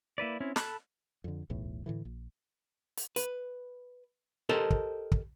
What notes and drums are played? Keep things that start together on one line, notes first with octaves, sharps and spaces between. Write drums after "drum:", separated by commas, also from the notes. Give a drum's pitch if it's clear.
A#3 E4 B4 D5
C4 C#4 E4
A4 A5 B5 F#6, drum: snare
F2 D3
D1 B1 E2 A2
A2 D3 E3
A#1
drum: hi-hat
B4, drum: hi-hat
G4 A4 A#4 C5 D#5 A5
drum: kick
drum: kick